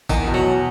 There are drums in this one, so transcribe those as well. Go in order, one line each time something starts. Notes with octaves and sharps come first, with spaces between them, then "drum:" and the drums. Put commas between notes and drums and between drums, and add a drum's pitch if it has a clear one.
E2 D#3, drum: kick G#1, tambourine
B2
F#3